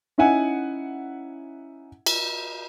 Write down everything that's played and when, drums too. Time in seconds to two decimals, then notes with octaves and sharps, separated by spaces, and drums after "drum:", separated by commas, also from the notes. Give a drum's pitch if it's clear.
0.18 C#4 D#4 E4 E5 F#5 G#5
2.06 drum: cymbal